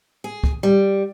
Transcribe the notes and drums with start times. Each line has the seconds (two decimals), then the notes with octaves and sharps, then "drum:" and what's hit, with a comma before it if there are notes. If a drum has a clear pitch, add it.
0.24 G#4
0.44 drum: kick
0.63 G3